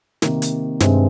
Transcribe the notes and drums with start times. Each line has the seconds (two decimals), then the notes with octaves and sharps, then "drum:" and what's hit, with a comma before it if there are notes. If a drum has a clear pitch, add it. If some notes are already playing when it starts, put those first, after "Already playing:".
0.22 C3 D#3 A#3, drum: snare
0.42 drum: hi-hat
0.80 G2 C3 D#3 G#3 C4, drum: snare